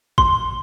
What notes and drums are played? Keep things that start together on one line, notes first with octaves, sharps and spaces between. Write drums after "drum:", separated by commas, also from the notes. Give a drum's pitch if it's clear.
C6, drum: kick